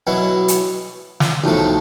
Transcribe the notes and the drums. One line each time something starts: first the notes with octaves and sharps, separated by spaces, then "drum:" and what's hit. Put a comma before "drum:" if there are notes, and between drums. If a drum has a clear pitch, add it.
B2 F#3 B3 E4
drum: hi-hat
drum: snare
B1 A2 F3 A3